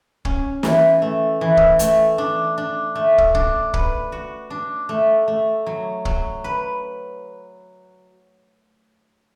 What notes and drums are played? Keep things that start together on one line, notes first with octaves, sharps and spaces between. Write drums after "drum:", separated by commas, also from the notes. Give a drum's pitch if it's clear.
C#4, drum: kick
E3, drum: snare
A3
E3
drum: kick
A3, drum: hi-hat
D4
D4
A3
drum: kick
D4, drum: kick
B4, drum: kick
F#4
D4
A3
A3
F#3
F#3, drum: kick
B4